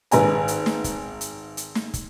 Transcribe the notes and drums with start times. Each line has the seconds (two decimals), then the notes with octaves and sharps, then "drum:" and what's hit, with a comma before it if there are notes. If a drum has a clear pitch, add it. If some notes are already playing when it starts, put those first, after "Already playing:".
0.11 G#1 B4 G#5 A#5, drum: hi-hat
0.48 drum: hi-hat
0.66 drum: snare
0.84 drum: kick, hi-hat
1.21 drum: hi-hat
1.57 drum: hi-hat
1.75 drum: snare
1.94 drum: kick, hi-hat